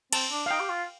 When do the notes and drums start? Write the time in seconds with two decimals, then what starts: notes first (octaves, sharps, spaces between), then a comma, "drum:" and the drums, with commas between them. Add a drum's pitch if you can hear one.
0.13 C4 A5, drum: cymbal
0.31 D4
0.46 F5
0.51 D#4 G5
0.60 G4
0.70 F4